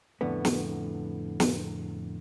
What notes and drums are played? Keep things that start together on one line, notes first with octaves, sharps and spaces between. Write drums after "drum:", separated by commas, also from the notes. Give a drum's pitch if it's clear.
F2 A2 D3 B3
drum: snare
drum: snare